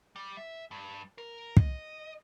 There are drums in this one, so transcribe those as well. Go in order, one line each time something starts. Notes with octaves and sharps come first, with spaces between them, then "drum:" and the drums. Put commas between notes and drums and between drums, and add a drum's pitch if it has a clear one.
G3
E5
G2
A#4
D#5, drum: kick